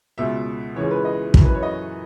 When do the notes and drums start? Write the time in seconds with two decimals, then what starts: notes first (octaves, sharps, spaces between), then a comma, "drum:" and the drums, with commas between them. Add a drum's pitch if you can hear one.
0.18 C#2 B2 E5
0.76 C#2 C#3 E3 C#5
0.91 B4
1.05 D#5
1.34 F#2 E3, drum: kick
1.45 B4
1.54 C#5
1.63 D#5